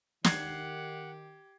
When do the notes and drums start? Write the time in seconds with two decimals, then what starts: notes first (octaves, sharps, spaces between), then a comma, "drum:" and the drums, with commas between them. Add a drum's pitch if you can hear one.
0.24 D#3 G4 F#5 G#6 C7, drum: snare